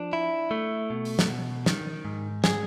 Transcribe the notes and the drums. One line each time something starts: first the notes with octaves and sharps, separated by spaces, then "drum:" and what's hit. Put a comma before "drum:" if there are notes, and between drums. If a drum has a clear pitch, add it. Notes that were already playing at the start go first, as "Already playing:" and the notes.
Already playing: F3 D4
E4
A3
B2
drum: open hi-hat
drum: snare
B2
D#3, drum: snare
G#2
G#4, drum: snare